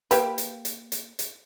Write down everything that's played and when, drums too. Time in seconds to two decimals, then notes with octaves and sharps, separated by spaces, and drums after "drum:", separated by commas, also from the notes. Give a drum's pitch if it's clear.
0.11 A#3 G4 B4, drum: hi-hat
0.38 drum: hi-hat
0.65 drum: hi-hat
0.92 drum: hi-hat
1.19 drum: hi-hat